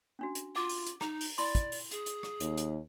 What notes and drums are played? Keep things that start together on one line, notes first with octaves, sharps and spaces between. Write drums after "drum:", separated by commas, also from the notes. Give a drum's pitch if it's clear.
C#4 D4 F#4
drum: hi-hat
F4 F#5 D6
drum: open hi-hat
drum: hi-hat
D#4 A#5, drum: rim click
drum: open hi-hat
E4 D5 B5 C6, drum: open hi-hat
drum: kick, hi-hat
drum: open hi-hat
G#4, drum: hi-hat
drum: hi-hat
drum: rim click
D#2, drum: hi-hat
drum: hi-hat